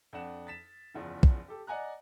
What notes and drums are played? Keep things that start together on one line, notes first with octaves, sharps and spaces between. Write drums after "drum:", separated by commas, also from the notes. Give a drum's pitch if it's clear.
F2 D4 F#5 E7
A6 B6 E7
F#1 E2 F3
drum: kick
G4 A4
D5 D#5 F#5 G#5 A#5 F#6